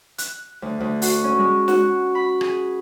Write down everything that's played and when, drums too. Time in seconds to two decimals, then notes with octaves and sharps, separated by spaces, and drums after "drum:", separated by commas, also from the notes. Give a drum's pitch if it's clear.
0.18 F#6, drum: hi-hat
0.62 D2
0.80 D2
1.02 F#4, drum: open hi-hat
1.24 C#4
1.39 G#3
1.68 F#4, drum: snare
2.15 B5
2.41 G#4, drum: rim click